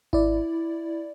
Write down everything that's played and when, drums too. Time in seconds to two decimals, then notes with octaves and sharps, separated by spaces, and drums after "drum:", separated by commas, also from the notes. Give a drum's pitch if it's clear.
0.13 E4 D5, drum: kick G#1